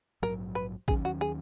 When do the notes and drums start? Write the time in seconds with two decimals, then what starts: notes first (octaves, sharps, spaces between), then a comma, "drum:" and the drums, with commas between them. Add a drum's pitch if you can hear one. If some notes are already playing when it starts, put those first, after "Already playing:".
0.22 A#1 G#2 F#3 A#4
0.55 B4
0.88 D#2 D#3 F#3 C#4 G#4, drum: kick
1.05 F#4
1.21 G#4